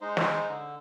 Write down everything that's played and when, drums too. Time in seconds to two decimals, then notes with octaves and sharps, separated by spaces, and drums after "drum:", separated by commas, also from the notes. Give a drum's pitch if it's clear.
0.01 G#3 D#4 C5
0.17 drum: snare
0.48 D3